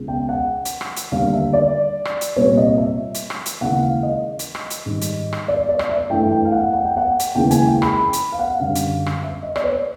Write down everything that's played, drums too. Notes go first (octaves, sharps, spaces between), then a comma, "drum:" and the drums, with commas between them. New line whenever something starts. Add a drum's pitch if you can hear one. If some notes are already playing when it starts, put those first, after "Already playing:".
Already playing: C#2 B2 G#3
G5
F#5
drum: hi-hat
drum: rim click
drum: hi-hat
D#2 D3 G3 F5
E5
D5
drum: rim click
drum: hi-hat
C2 A#2 G3 C#5
D#5
E5
drum: hi-hat
drum: rim click
drum: hi-hat
D#2 C#3 E3 G#3 F#5
F5
D#5
drum: hi-hat
drum: rim click
drum: hi-hat
G#2 D#3 G3
drum: hi-hat
drum: rim click
D5
D5
drum: rim click
E5
G2 E3 A3 G5
G5
F5
F#5
F#5
G5
F#5
drum: hi-hat
D#2 C#3 E3 G#3 G5
G#5, drum: hi-hat
G5
B5, drum: rim click
B5
drum: hi-hat
F5
F#5
F#2 D3 G3 F5
drum: hi-hat
drum: rim click
E5
D#5
D5, drum: rim click
C#5